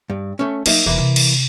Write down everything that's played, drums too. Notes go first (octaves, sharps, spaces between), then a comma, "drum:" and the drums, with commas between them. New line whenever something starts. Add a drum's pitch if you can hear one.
G2
A3 C#4
F#3 A#3 D#4 E5, drum: cymbal
E1 E3 A#3
C3
drum: cymbal